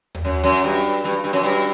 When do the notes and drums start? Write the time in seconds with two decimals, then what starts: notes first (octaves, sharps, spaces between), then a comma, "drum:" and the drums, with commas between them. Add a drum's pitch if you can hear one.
0.15 drum: tom D#2
0.25 F#2
0.44 F#2
0.64 G2
1.04 G2
1.24 G2
1.33 F#2
1.43 G2, drum: open hi-hat